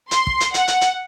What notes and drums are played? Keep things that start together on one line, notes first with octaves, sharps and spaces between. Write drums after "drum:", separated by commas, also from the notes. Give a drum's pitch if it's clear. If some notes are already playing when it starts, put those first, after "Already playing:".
C6, drum: hi-hat
drum: kick
drum: hi-hat
F#5, drum: hi-hat
drum: hi-hat
drum: hi-hat